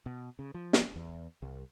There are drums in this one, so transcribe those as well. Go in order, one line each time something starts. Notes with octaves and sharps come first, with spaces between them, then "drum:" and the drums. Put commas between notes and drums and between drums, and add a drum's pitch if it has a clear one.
B2
C#3
F3
drum: snare
E2
C2